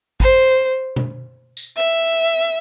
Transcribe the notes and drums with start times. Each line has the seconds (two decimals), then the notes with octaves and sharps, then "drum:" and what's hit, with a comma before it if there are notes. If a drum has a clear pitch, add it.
0.20 C5, drum: kick G#1
0.96 drum: tom B2
1.57 drum: tambourine
1.77 E5